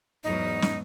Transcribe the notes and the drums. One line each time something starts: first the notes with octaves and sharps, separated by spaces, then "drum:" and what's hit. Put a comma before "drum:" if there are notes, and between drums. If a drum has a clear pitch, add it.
E2 G#2 F#3 D#4
drum: snare